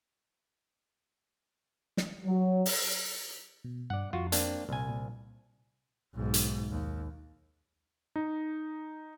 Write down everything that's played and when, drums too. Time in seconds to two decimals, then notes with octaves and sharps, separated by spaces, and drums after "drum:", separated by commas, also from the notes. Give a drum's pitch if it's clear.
1.97 drum: snare
2.24 F#3
2.66 drum: open hi-hat
3.64 B2
3.90 G2 D5 F#5
4.13 F2 F4 F#4
4.32 A#3 C4 D4, drum: hi-hat
4.69 C2 A#2 G#5
4.89 A#2
6.15 B1 G#2
6.34 drum: hi-hat
6.70 D#2
8.16 D#4